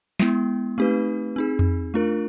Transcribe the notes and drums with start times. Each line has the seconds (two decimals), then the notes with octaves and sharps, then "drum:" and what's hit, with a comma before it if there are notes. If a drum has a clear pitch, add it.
0.20 G#3 B3 E4, drum: snare
0.78 A3 C4 D#4 G4 B4
1.36 C4 D#4 G#4
1.59 drum: tom F2
1.94 A3 D4 F4 A#4